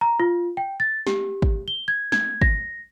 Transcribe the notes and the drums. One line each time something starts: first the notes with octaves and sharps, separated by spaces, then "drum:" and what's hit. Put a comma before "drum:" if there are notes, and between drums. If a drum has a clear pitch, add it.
A#5
F4
G5
A6
G4, drum: snare
drum: kick
G7
G#6
G#6, drum: snare
A#6, drum: kick